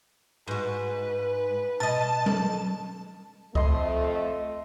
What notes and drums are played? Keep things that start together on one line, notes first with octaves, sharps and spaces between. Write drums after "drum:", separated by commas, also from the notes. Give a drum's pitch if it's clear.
G#2 F#4 B4
B2 D#5 A5
drum: tom F#3
F2 A3 D#5 C6, drum: kick C#2